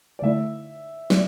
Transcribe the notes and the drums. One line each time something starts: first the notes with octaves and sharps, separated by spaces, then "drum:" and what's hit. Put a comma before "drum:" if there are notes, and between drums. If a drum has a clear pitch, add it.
D5
D3 A3 E4 E5
D5, drum: snare